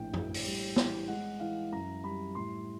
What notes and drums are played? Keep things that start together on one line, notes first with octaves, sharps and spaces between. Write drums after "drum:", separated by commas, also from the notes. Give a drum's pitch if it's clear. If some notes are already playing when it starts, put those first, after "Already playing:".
Already playing: A#1 A2 G5
A2, drum: tom F#2
drum: open hi-hat
G3
E3, drum: snare
G#3 F#5
E3 F5
F#2 A#5
G3 B5
A2 C6